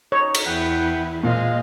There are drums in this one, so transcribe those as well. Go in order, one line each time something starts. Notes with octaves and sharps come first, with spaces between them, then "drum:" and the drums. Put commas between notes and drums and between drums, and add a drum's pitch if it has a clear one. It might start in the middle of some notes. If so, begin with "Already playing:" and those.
D#4 C#5
drum: cymbal
E2 E4 B4 F#5 G5
A#2 G#3 C5 D#5 F5